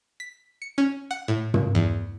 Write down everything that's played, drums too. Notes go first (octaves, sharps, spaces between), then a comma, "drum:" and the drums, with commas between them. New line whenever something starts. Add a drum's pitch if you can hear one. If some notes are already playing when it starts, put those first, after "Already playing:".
B6
C#7
C#4
F#5
A2
drum: tom
E2